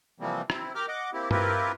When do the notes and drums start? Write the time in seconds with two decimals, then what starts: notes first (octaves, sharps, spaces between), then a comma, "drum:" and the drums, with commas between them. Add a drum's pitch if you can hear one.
0.20 C3 E3 F3 G3 A#3 C4
0.50 C4 E4, drum: rim click
0.75 G4 A#4 G5 D6 F6
0.88 D#5 F#5 D6
1.13 A#3 C4 E4 G4
1.31 C4 E4 F4 G4 A#4 B4, drum: tom G2